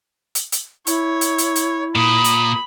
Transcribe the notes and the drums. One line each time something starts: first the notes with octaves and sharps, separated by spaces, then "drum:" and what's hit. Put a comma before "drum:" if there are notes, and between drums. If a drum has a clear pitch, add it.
drum: hi-hat
drum: hi-hat
E4 C#5, drum: hi-hat
drum: hi-hat
drum: hi-hat
drum: hi-hat
A#2 B5 D#6
drum: hi-hat